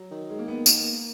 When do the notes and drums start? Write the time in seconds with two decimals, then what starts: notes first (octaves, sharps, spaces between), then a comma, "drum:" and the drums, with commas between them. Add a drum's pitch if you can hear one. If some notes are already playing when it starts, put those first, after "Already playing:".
Already playing: F#3
0.12 D#3
0.30 G#3
0.39 A#3
0.48 B3
0.66 A#3, drum: tambourine